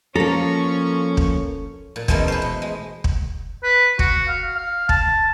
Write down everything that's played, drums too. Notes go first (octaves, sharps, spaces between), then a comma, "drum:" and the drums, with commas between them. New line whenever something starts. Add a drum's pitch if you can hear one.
F3 A#3 C#4 A4 C#5 A5 A#5 C#6
drum: kick
A#2
B2 E3 G#3 A3 C#4 A#4, drum: kick
B4 C5
B2
G#3
drum: kick
B4
F#4, drum: kick
F5
F5
A5, drum: kick